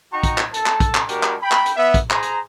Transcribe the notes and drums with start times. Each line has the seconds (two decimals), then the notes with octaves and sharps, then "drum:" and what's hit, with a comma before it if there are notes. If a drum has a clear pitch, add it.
0.13 D#4 F#4 G5 A#5 C#6
0.23 drum: kick, hi-hat
0.38 drum: clap
0.54 A4 A5, drum: hi-hat
0.66 drum: clap
0.80 drum: kick, hi-hat
0.95 drum: clap
1.09 G#3 D4 F#4 G4 A#4, drum: hi-hat
1.23 drum: clap
1.42 G5 B5
1.52 drum: clap
1.66 drum: hi-hat
1.77 B3 E5
1.94 drum: kick, hi-hat
2.11 G#4 C5 A#5, drum: clap
2.23 drum: hi-hat